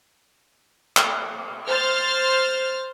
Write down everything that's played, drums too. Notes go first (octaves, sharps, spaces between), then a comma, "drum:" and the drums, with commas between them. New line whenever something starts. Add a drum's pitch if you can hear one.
drum: clap
C5 F6 A6